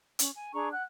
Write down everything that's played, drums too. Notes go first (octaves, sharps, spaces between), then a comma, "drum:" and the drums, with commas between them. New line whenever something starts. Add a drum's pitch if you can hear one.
C#4, drum: hi-hat
G#5
D4 G#4 A#5 C#6
F#5 F#6